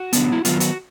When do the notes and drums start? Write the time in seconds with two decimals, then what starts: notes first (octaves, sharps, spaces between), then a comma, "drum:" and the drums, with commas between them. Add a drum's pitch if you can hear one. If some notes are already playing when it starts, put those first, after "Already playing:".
Already playing: F#4
0.13 D3 F#3 B3, drum: hi-hat
0.32 E4
0.45 D#3 F#3 B3 F4, drum: hi-hat
0.60 F#4, drum: hi-hat